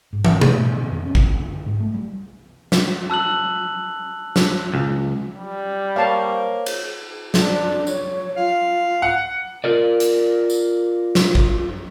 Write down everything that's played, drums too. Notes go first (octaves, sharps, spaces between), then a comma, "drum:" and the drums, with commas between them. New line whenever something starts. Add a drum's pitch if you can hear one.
G#2
G#1, drum: tom
A#2, drum: tom B2
A2
D#3
F2
C#4
drum: kick G#1
D2
D3
G#2
A3
G3
drum: snare
A5 E6 F#6 F#7
drum: snare
C#2
G3
A#3 C5 C#5 F5 A5
drum: cymbal
D4, drum: snare
C#5, drum: tambourine
F4 F5
F#5
F4 A#4 D5
drum: hi-hat
drum: tambourine
drum: snare
drum: kick G#1